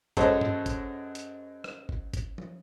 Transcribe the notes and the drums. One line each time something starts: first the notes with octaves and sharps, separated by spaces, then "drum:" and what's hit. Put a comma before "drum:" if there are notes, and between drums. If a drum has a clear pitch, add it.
F#2 G#3 A4 C5 C#5, drum: kick, hi-hat
drum: tom G2
drum: kick, hi-hat
drum: hi-hat
drum: rim click
drum: kick
drum: kick, hi-hat
drum: tom F3